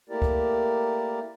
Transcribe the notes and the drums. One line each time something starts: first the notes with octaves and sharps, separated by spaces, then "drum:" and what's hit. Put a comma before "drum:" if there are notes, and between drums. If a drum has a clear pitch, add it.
A3 A#3 E4 G4 A#4 D5
drum: kick C#2